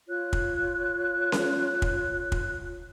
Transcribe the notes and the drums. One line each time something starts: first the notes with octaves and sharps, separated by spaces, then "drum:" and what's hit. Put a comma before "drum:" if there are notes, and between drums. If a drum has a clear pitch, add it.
F4 C#5 F#6
drum: kick
drum: snare C#4
drum: kick
drum: kick